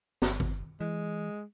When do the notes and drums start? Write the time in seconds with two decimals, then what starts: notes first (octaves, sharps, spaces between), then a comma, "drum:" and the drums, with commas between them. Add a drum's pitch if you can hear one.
0.22 G1, drum: snare
0.40 drum: kick
0.80 E3 G#3